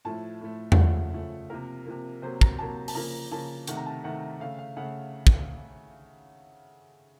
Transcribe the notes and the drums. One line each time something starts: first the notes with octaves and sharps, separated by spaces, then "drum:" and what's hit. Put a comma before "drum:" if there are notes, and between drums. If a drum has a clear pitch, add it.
A2 F3 A3 A5
A2 F3 A3
F5, drum: tom E2
C#3 F3 A3 F#5
C#3 F3 A3
C3 F3 A#3 A#4
C3 F3 A#3
C3 F#3 A#3 C5
A#5, drum: kick
C3 F#3 A#3 A5
A5, drum: open hi-hat
C#3 F3 A#3 A#5
C#3 F3 A#3 A5
C3 D#3 A3 F#5, drum: hi-hat
A#5
A5
C3 D#3 A3 F#5
C#3 A3 F5
F5
C#3 A3 F#5
drum: kick